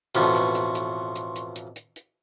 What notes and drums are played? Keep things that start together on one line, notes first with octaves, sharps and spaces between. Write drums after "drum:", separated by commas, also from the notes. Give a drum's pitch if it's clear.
A1 F2 B2 C6 C#6, drum: hi-hat
drum: hi-hat
drum: hi-hat
drum: hi-hat
drum: hi-hat
drum: hi-hat
drum: hi-hat
drum: hi-hat
drum: hi-hat